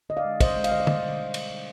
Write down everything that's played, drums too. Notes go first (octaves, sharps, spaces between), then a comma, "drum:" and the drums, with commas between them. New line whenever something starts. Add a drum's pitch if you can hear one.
D3 D#5
D5 F5
G#3
D3 C5 D#5, drum: kick, cymbal
G#3
F5, drum: cymbal
D3 D#5
D5
G3 C5 D#5, drum: tom
B2
G3
B2, drum: cymbal
G3